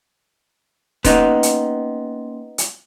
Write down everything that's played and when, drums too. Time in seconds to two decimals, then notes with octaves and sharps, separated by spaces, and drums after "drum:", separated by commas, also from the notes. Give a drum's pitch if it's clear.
1.04 A#3 B3 C#4 D#4 C6, drum: kick, hi-hat
1.43 drum: hi-hat
2.58 drum: hi-hat